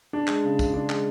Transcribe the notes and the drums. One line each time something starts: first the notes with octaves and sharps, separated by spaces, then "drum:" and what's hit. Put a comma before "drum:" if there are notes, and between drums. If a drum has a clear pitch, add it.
D4
G#3, drum: clap
C#3
C#3, drum: kick, tambourine
D4
G#3, drum: clap